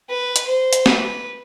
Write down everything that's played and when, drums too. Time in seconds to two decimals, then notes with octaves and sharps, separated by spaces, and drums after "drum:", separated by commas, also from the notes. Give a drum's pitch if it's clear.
0.09 B4
0.36 drum: hi-hat
0.47 C5
0.73 drum: hi-hat
0.86 B4, drum: snare